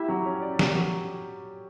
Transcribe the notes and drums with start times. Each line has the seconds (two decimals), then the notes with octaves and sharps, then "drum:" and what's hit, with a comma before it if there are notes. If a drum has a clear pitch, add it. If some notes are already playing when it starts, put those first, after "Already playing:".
Already playing: E4 G4 E5
0.08 F#3
0.26 C#4
0.42 D5
0.59 G4, drum: snare
0.76 F#3